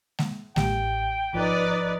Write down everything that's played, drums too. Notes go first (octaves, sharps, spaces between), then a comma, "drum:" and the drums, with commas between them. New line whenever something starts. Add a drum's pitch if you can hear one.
drum: snare G#3
A1 G4 G5, drum: snare G#3
G#1 F3 D#4 B4 D5